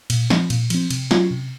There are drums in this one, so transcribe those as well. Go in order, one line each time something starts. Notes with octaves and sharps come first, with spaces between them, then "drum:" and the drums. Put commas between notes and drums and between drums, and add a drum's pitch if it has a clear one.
A#2, drum: cymbal
F3 C4, drum: snare
A#2, drum: cymbal
F3 C4, drum: cymbal
C3, drum: cymbal
F#3 C#4 F4, drum: snare
C3